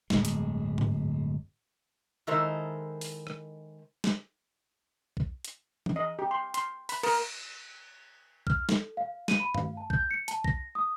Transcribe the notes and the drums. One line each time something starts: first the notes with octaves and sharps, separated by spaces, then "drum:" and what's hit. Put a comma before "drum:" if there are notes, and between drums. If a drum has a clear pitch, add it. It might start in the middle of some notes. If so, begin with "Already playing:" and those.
D1 G1 G#3, drum: snare
drum: hi-hat
drum: tom G#2
D#3 G#3 E4 A4 A#4 C5
drum: open hi-hat
drum: rim click
drum: snare
drum: kick
drum: hi-hat
drum: tom E3
D#5
G4
C6
C6, drum: hi-hat
B5, drum: open hi-hat
A#4, drum: cymbal
F6, drum: kick
A4, drum: snare
F5
D#7, drum: snare
B5
F5, drum: tom G2
A5
G6, drum: kick
C#7
A5, drum: hi-hat
A#6, drum: kick
D#6